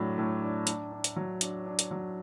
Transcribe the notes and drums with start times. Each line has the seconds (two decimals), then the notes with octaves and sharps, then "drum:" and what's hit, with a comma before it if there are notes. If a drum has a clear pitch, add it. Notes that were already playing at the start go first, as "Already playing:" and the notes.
Already playing: A2 F#3 D4
0.18 A2
0.42 D4
0.67 D4, drum: hi-hat
0.92 D4
1.04 drum: hi-hat
1.16 F#3
1.41 D4, drum: hi-hat
1.66 D4
1.79 drum: hi-hat
1.91 F#3